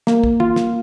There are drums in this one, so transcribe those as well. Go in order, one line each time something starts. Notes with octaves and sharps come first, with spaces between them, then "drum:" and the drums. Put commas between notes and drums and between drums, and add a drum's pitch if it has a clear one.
A#3, drum: snare
drum: kick
F4, drum: tom
drum: snare